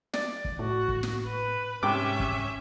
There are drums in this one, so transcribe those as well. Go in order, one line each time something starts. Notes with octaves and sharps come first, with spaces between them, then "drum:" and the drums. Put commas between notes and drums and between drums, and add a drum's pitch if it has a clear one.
D5, drum: snare
drum: kick
A2 F#4
drum: kick
drum: snare
B4
G#2 C3 C#4 E5 G5 D6
drum: kick